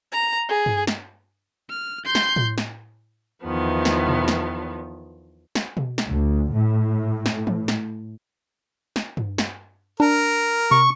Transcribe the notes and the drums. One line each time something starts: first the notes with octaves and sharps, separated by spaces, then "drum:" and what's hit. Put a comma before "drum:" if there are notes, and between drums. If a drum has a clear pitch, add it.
A#5
G#4
drum: tom G2
drum: snare
F6
C6 G6
drum: snare
drum: tom A2
drum: snare
E2 D#3 F3 B3
drum: snare
drum: tom B2
drum: snare
drum: snare
drum: tom B2
drum: snare
D2
A2
drum: snare
drum: tom E3
drum: snare
drum: snare
drum: tom G2
drum: snare
D4 A#4
C3 C#6